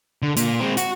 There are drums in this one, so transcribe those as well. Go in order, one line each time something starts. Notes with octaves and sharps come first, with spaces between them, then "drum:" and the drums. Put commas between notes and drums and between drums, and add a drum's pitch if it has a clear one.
D3
A#2, drum: hi-hat
G#3 C4
F#4, drum: hi-hat